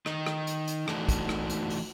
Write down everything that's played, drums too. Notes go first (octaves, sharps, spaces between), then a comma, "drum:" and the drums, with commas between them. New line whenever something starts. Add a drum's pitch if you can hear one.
D#3 D#4, drum: rim click
drum: rim click
drum: hi-hat
drum: hi-hat
E3 A3 D4 D#4 F#4, drum: rim click
drum: kick, hi-hat
drum: rim click
drum: hi-hat
drum: open hi-hat